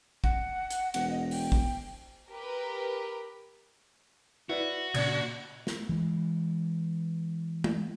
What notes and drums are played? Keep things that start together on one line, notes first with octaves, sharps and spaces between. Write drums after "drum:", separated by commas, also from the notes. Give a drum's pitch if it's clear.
F#5, drum: kick
drum: hi-hat
E1 F#5, drum: cymbal
D#5
G5, drum: open hi-hat
drum: kick
G4 A#4 B4
E4 F#4 B4 D5
A#2 C#3 D4 G#6 A6, drum: cymbal
drum: snare
E3 G#3
drum: tom